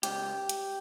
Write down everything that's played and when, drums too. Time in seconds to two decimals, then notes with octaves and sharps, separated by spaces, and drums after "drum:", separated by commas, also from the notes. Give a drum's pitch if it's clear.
0.03 C#2 G4, drum: hi-hat
0.49 drum: hi-hat